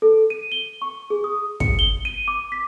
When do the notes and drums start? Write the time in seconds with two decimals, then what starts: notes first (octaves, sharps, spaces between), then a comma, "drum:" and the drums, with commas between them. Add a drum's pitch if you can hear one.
0.02 A4
0.30 D#7
0.52 G7
0.82 C#6
1.10 G#4
1.24 D#6
1.60 C#7, drum: kick
1.79 G7
2.05 D#7
2.28 D6
2.52 B6